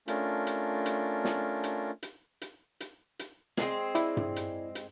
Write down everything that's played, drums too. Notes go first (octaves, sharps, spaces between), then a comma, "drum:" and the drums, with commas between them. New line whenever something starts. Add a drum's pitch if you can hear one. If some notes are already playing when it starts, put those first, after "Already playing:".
A3 C#4 D4 F4 A#4, drum: hi-hat
drum: hi-hat
drum: hi-hat
drum: snare
drum: hi-hat
drum: hi-hat
drum: hi-hat
drum: hi-hat
drum: hi-hat
G#3 C4, drum: snare
E4 D5, drum: hi-hat
drum: tom G2
drum: hi-hat
drum: hi-hat